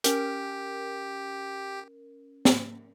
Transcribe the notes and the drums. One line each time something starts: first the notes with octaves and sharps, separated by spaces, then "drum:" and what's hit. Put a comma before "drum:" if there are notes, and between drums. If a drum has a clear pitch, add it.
C#4 G4 A#4, drum: hi-hat
drum: snare B3